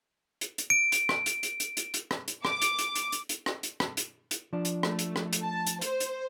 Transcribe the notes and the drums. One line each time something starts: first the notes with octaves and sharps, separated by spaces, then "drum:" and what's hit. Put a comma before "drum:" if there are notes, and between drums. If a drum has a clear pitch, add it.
drum: hi-hat
drum: hi-hat
D7
drum: hi-hat
drum: rim click
drum: hi-hat
drum: hi-hat
drum: hi-hat
drum: hi-hat
drum: hi-hat
drum: rim click
drum: hi-hat
D6, drum: rim click
drum: hi-hat
drum: hi-hat
drum: hi-hat
drum: hi-hat
drum: hi-hat
drum: rim click
drum: hi-hat
drum: rim click
drum: hi-hat
drum: hi-hat
F3 D4
drum: hi-hat
A3, drum: rim click
drum: hi-hat
drum: rim click
drum: hi-hat
A5
drum: hi-hat
C5, drum: hi-hat
drum: hi-hat